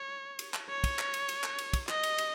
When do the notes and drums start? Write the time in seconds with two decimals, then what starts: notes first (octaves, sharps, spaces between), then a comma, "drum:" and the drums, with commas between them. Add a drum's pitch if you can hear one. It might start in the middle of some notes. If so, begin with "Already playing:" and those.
Already playing: C#5
0.39 drum: cymbal
0.54 drum: clap
0.69 C#5
0.84 drum: kick, cymbal
0.99 drum: clap
1.14 drum: cymbal
1.29 drum: cymbal
1.44 drum: clap
1.59 drum: cymbal
1.73 drum: kick, cymbal
1.89 D#5, drum: clap
2.03 drum: cymbal
2.18 drum: cymbal